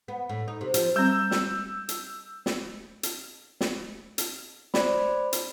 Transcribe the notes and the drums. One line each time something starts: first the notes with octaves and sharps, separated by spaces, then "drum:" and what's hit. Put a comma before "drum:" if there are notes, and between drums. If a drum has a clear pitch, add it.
B3
A2
D#4
C3
F3, drum: hi-hat
G3 C4 E6 G6
drum: snare
drum: hi-hat
drum: snare
drum: hi-hat
drum: snare
drum: hi-hat
C5 D5 B5, drum: snare
drum: hi-hat